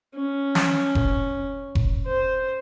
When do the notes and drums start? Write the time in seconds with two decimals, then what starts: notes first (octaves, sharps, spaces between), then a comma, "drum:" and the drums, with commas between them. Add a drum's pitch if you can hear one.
0.15 C#4
0.55 drum: snare
0.95 drum: kick F1
1.75 drum: kick F1
2.06 C5